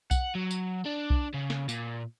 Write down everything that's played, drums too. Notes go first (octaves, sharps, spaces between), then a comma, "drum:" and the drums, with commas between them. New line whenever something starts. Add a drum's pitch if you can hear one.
F#5, drum: kick B1, tambourine
F#3
drum: tambourine
D4
drum: kick B1
C#3
drum: snare
A#2, drum: tambourine